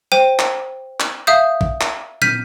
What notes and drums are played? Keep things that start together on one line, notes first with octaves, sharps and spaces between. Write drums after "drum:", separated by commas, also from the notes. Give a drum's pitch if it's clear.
C5 G5 D#7
drum: clap
drum: clap
E5 F5 D#6 G6
drum: kick
drum: clap
F6 G6 B6 D#7, drum: tom